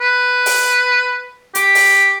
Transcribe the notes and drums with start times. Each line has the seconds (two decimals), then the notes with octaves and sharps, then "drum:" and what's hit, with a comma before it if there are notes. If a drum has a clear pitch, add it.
0.01 B4
0.46 drum: open hi-hat
1.55 G4, drum: hi-hat
1.75 drum: open hi-hat